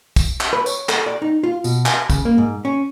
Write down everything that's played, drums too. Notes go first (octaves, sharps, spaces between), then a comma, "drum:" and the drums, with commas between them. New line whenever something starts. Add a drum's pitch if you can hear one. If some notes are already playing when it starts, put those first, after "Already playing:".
drum: kick, tambourine
drum: clap
B4
C#5, drum: tambourine
A4, drum: clap
D5
D#4
F4
B2, drum: tambourine
G#5, drum: clap
C#3, drum: kick, tambourine
A#3
G#2
C#4